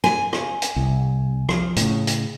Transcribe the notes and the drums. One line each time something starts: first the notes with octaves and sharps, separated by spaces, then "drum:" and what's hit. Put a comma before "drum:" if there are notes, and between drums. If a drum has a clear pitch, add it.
G#5, drum: rim click
drum: rim click
drum: hi-hat
C2
F3, drum: rim click
A2 C#3, drum: hi-hat
drum: hi-hat